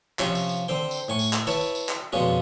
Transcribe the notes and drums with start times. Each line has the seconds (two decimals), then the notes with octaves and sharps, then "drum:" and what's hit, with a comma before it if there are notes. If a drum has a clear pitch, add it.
0.19 C3 F3 C#4 F4, drum: clap
0.35 drum: tambourine
0.49 drum: tambourine
0.68 D3 C4 C5 G5
0.91 drum: tambourine
1.08 A2 G#5 C#6
1.19 drum: tambourine
1.33 drum: clap
1.47 E4 B4 C#5 A5, drum: tambourine
1.61 drum: tambourine
1.75 drum: tambourine
1.89 drum: clap
2.12 F2 B2 D3 G#3 C#4 F4